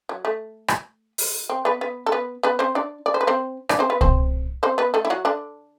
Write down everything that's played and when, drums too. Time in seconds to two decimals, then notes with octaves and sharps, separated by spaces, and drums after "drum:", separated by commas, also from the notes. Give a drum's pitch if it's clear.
0.09 F#3
0.25 A3
0.68 drum: rim click
1.18 drum: open hi-hat
1.50 C4
1.65 B3 B4
1.81 B3 B4
2.06 A4
2.12 B3 B4
2.43 B3 B4
2.59 C4 C5
2.75 D4 D5
3.06 D5
3.14 C5
3.21 B4
3.27 C4 C5
3.69 D4 D5, drum: rim click
3.79 C4 C5
3.90 B3 B4
4.01 C4 C5, drum: kick C2
4.63 C4 C5
4.78 B3 B4
4.94 A3 A4
5.05 E4
5.10 F#3 F#4
5.25 D3 D4